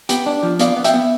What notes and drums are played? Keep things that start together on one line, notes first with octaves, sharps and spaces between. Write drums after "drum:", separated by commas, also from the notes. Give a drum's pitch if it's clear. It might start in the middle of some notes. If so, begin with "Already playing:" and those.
B3 G4, drum: hi-hat
D4
F3
B3 D5 F5, drum: hi-hat
B3
E5 G5, drum: hi-hat
B3